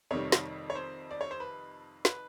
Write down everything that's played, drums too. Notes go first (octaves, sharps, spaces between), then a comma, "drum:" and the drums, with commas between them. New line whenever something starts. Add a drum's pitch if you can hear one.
F2 C3 D#3 G3 C#5
drum: snare
C#5
C5
D5
C#5
C5
B4
B4, drum: snare